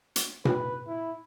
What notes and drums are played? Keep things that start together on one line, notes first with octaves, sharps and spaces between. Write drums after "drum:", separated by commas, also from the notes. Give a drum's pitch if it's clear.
drum: hi-hat
B4, drum: tom A#2
E4